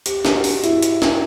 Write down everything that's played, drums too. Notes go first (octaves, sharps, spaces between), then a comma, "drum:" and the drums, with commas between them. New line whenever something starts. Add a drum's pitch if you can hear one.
G4, drum: hi-hat
drum: snare
F#4
drum: open hi-hat
E4, drum: hi-hat
drum: hi-hat
drum: snare